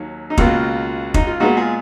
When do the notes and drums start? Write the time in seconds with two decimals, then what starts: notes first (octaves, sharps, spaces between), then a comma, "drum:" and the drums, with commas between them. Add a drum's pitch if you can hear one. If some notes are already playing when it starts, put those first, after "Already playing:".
Already playing: D#2 D#3 F#3
0.30 D#4
0.38 C#2 B2 A#3 F4, drum: kick
1.14 D#4, drum: kick
1.27 F4
1.40 A#2 G#3 B3 D#4 F#4
1.57 F4 G#4